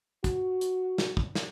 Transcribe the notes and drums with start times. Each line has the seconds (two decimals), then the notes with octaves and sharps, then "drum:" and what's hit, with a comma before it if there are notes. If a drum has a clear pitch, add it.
0.24 F#4, drum: kick, hi-hat
0.61 drum: hi-hat
0.98 drum: snare
1.17 drum: kick
1.35 drum: snare